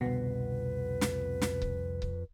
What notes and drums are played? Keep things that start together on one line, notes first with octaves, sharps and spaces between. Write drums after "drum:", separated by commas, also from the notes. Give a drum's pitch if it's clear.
C2 F2 B2 D3 B4
drum: snare
drum: snare
drum: kick C#1
drum: kick C#1